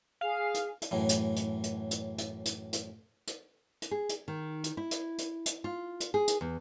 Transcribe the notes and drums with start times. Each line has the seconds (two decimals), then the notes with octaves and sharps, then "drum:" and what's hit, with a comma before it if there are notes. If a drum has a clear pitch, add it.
0.21 G#4 F5
0.54 drum: hi-hat
0.82 drum: hi-hat
0.91 F#2 A2 E3
1.09 drum: hi-hat
1.36 drum: hi-hat
1.63 drum: hi-hat
1.91 drum: hi-hat
2.18 drum: hi-hat
2.45 drum: hi-hat
2.73 drum: hi-hat
3.27 drum: hi-hat
3.82 drum: hi-hat
3.91 G#4
4.09 drum: hi-hat
4.28 D#3
4.64 drum: hi-hat
4.77 E4
4.91 drum: hi-hat
5.18 drum: hi-hat
5.46 drum: hi-hat
5.64 F4
6.00 drum: hi-hat
6.14 G#4
6.28 drum: hi-hat
6.41 E2